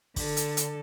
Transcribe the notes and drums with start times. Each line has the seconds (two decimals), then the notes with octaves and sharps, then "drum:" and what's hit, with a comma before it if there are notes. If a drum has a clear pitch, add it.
0.16 D3 A4, drum: kick, open hi-hat
0.37 drum: hi-hat
0.57 drum: hi-hat